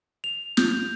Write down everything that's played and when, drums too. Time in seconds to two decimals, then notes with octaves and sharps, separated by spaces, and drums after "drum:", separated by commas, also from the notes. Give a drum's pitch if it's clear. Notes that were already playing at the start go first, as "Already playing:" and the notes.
0.24 F7
0.57 G6, drum: snare